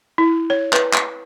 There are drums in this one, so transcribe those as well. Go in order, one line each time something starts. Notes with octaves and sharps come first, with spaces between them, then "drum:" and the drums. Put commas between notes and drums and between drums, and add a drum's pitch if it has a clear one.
E4
C#5
B4, drum: clap
drum: clap